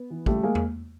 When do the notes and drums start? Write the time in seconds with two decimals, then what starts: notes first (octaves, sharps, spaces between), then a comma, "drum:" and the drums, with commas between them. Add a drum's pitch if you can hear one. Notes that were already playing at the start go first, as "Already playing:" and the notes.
Already playing: B3
0.10 E3
0.26 C#2 G3 A3, drum: kick
0.43 G#3 A#3
0.55 drum: tom E2